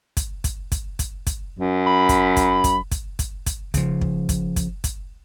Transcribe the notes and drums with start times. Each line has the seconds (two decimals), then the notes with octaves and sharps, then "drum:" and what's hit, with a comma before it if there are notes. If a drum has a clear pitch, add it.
0.17 drum: kick, hi-hat
0.44 drum: kick, hi-hat
0.72 drum: kick, hi-hat
0.99 drum: kick, hi-hat
1.27 drum: kick, hi-hat
1.59 F#2
1.86 B5
2.09 drum: kick, hi-hat
2.37 drum: kick, hi-hat
2.64 drum: kick, hi-hat
2.92 drum: kick, hi-hat
3.19 drum: kick, hi-hat
3.46 drum: kick, hi-hat
3.74 C#3 F3, drum: kick, hi-hat
4.01 drum: kick
4.29 drum: kick, hi-hat
4.56 drum: kick, hi-hat
4.84 drum: kick, hi-hat